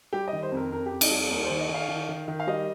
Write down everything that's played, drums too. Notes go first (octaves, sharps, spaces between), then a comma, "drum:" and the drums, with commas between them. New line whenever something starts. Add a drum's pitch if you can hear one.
G3 G4
D#5
D#3
C5
F2
A#4
F2 A#4
G4
F2
D#5, drum: cymbal
G3
D#2 A#4
C5
D#3
D#5
D#3
F5
D#3
D#3
D#3
F5
G3 D#5